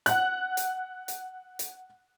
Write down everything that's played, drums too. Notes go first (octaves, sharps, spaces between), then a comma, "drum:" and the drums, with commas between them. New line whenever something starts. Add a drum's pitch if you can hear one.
F#5 F#6, drum: hi-hat
drum: hi-hat
drum: hi-hat
drum: hi-hat